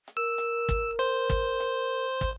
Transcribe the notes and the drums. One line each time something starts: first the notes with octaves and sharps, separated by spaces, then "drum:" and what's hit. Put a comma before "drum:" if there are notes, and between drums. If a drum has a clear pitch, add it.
drum: hi-hat
A#4 E6
drum: hi-hat
drum: kick, hi-hat
C5, drum: hi-hat
drum: kick, hi-hat
drum: hi-hat
drum: kick, hi-hat